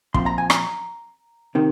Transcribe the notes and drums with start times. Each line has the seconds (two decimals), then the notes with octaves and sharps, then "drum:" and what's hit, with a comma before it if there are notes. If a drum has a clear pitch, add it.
0.14 A#2 F3 C4 C6, drum: kick
0.26 A#5
0.38 G#5
0.50 A#5, drum: rim click
1.55 C3 D#3